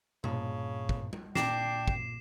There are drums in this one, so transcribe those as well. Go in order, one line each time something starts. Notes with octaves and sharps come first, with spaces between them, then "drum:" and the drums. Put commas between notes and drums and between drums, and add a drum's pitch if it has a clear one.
G2 A#2 C#3 A5, drum: tom B2
drum: kick
drum: tom G3
A#2 D4 G5 D6 A#6 C7 E7, drum: snare
drum: kick